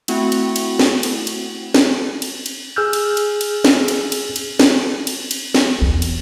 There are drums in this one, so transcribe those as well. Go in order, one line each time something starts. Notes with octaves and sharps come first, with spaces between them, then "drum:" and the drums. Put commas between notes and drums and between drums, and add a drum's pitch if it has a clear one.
A3 C4 E4 F#4 F#5, drum: cymbal
drum: cymbal
drum: cymbal
drum: snare
drum: cymbal
drum: cymbal
drum: snare
drum: cymbal
drum: cymbal
G#4 E6 F6 G6
drum: cymbal
drum: cymbal
drum: cymbal
drum: snare
drum: cymbal
drum: cymbal
drum: cymbal
drum: snare
drum: cymbal
drum: cymbal
drum: snare
E2
drum: cymbal